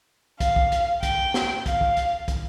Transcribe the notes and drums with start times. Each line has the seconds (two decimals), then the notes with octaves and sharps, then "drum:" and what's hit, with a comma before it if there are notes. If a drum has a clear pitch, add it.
0.40 F5, drum: kick, hi-hat
0.56 drum: kick
0.72 drum: hi-hat
1.03 G5, drum: kick, hi-hat
1.34 drum: snare
1.66 F5, drum: kick, hi-hat
1.81 drum: kick
1.97 drum: hi-hat
2.28 drum: kick, hi-hat